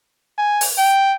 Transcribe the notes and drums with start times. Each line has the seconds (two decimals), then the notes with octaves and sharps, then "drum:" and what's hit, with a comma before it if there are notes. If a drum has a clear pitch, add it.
0.38 G#5
0.61 drum: open hi-hat
0.78 G5